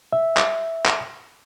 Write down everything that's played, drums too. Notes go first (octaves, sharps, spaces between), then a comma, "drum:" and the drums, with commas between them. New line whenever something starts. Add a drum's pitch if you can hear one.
E5
drum: clap
drum: clap